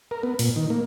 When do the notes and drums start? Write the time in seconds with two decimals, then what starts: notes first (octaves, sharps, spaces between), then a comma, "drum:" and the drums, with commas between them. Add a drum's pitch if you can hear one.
0.11 A#4
0.23 B3
0.39 A#2, drum: open hi-hat
0.56 D#3
0.70 A#3